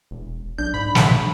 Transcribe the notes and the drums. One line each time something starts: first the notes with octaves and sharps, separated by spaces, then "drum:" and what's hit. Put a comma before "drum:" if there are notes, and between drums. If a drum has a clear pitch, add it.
E1
B1 D4 G6
G#2 B5
D#3, drum: snare